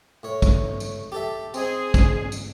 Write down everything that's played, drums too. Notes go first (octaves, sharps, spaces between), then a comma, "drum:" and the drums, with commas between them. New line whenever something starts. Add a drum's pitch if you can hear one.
A2 C#5
drum: kick, tambourine
drum: tambourine
G4 A4 E5
C4 D#4 G#4, drum: tambourine
drum: kick, tambourine
drum: tambourine